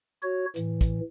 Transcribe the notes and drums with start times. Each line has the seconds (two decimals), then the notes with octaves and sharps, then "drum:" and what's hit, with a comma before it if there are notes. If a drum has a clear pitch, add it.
0.23 F#4 C#5
0.56 A2 E3, drum: hi-hat
0.81 drum: kick, hi-hat